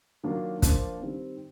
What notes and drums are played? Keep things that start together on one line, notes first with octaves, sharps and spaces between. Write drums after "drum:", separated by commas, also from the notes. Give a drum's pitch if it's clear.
D#3 F#3 A#3 D4 F4
F3 A#3 D4 F4, drum: kick, hi-hat
D#3 G3 C4